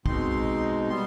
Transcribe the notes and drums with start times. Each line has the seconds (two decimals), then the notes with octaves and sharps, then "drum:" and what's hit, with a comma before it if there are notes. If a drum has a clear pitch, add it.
0.06 B2 G#3 C4 D#4 C6, drum: kick
0.89 G3 B3 C6